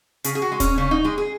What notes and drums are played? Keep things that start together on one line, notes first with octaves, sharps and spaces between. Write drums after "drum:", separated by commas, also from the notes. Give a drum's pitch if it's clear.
C#3 G#4, drum: hi-hat
G#4
F#4
G#3
C#4, drum: kick D#1, hi-hat
C#3 C#4
D#4
G#3 G#4
G#4